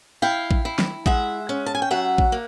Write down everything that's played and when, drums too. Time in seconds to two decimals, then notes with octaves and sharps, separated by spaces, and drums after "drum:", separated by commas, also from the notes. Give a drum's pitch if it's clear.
0.22 E4 F5 G5
0.51 drum: kick A1
0.65 E4
0.79 drum: snare
1.06 G#3 E5 F#5, drum: kick A1
1.49 C#4
1.66 A5
1.75 G#5
1.82 G5
1.91 F#3 E5 F#5
2.18 drum: kick A1
2.32 A#3